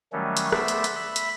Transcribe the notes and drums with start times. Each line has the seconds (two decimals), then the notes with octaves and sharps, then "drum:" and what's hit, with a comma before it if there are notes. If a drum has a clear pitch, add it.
0.13 D#3 F#3 G3 A3 C#4
0.37 drum: hi-hat
0.52 A3 B3 C5 D5 E5, drum: rim click
0.68 drum: hi-hat
0.84 drum: hi-hat
0.95 E5 B5
1.16 drum: hi-hat